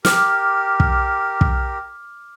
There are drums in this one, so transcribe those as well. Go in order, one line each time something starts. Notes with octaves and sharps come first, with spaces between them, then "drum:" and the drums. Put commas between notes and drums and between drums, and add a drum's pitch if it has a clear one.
G4 A#4 D6 F6, drum: snare
drum: kick
drum: kick